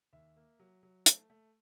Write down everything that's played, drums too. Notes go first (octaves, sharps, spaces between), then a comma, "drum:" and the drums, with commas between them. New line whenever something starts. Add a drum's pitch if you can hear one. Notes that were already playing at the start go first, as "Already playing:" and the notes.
D#2 E5
A#3
F#3
F#3
A3, drum: hi-hat
A3